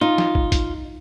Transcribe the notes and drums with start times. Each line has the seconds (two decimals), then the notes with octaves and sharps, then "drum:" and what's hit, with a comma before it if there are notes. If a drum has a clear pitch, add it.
0.01 D#4 F4
0.18 drum: snare
0.35 drum: kick
0.52 drum: kick, hi-hat